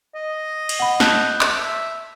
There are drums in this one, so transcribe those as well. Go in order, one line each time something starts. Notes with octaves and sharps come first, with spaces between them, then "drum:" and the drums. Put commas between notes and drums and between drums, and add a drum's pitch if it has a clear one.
D#5
drum: cymbal
F#5 B5
A5 F#6 G6, drum: snare
drum: clap
E5